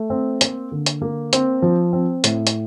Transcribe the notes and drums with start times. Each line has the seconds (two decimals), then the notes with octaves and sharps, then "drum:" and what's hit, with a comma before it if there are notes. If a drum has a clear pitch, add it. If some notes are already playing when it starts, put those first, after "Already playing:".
Already playing: A3
0.10 C4
0.41 A#3, drum: hi-hat
0.71 D3
0.86 drum: hi-hat
1.02 A#3
1.33 C4, drum: hi-hat
1.62 F3
1.93 C4
2.24 A2, drum: hi-hat
2.47 drum: hi-hat